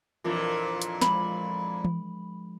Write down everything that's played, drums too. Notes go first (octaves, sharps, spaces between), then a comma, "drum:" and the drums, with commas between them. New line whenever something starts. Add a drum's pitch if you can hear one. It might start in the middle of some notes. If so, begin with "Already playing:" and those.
F2 A#2 E3 D4 F4 A#4
drum: hi-hat
F3 G#3 B5, drum: snare
drum: tom E3